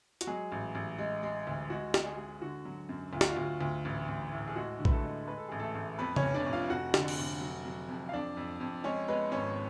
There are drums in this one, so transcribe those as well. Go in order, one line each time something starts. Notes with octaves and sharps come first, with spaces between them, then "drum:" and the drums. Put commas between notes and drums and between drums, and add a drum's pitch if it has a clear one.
F#4, drum: hi-hat
F#3 G#3 G#4
A1
A1
G#3
G#3
D2
G#3 F#4
G#3, drum: snare
G#3 G#4
G#3
D3 F#4
F#3
F#2
D2 F4
F#4, drum: snare
F4
D2
D2
A1
A1
A2
G#4
G#3 F#4
D3
B4, drum: kick A#1
A3 A4
G#3
G#3 B4
A4
A1 G#4
A3 A4
A1
F2 B3 B4
C#4 C#5, drum: tom C#3
F1
D4 D5
F1
F4 F5
F1 F#4 F#5
D3, drum: snare
drum: cymbal
F1
F#3
F#3
F2
F5
F2 D4 D5
F2
F2
G#3 C#4 C#5
G#3 B3 B4
G#1 C#4 C#5